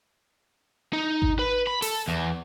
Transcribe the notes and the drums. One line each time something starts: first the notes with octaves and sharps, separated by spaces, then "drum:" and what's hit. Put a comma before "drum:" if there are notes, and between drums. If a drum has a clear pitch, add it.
D#4
drum: kick G#1
B4
B5
A4, drum: open hi-hat
E2